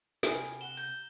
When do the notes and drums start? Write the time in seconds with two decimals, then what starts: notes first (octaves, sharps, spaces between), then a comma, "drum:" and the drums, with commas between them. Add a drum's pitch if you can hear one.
0.23 C3 G#5 B5 F6, drum: snare
0.47 drum: hi-hat
0.61 F#4 F#5 E7 G7
0.77 A#5 G6, drum: open hi-hat